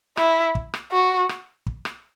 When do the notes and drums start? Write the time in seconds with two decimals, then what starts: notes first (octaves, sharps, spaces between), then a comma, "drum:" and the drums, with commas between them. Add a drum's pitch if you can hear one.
0.17 E4, drum: rim click
0.55 drum: kick
0.74 drum: rim click
0.92 F#4
1.29 drum: rim click
1.66 drum: kick
1.85 drum: rim click